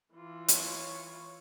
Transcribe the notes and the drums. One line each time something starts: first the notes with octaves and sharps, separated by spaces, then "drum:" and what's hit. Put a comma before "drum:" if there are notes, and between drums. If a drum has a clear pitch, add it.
E3 F4
C#5, drum: hi-hat